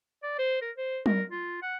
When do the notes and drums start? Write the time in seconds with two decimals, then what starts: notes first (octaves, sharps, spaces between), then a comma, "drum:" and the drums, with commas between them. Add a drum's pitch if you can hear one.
0.23 D5
0.39 C5
0.62 A#4
0.77 C5
1.06 A#4, drum: tom F#3
1.30 F4
1.62 F#5